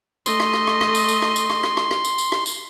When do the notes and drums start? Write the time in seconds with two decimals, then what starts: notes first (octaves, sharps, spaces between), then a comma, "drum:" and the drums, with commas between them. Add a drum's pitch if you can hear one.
0.26 A3 D#5 C6, drum: tambourine
0.40 drum: rim click
0.53 drum: rim click
0.67 drum: rim click
0.81 drum: rim click
0.95 drum: tambourine
1.08 drum: tambourine
1.22 drum: rim click
1.36 drum: tambourine
1.50 drum: rim click
1.63 drum: rim click
1.77 drum: rim click
1.91 drum: rim click
2.05 drum: tambourine
2.18 drum: tambourine
2.32 drum: rim click
2.46 drum: tambourine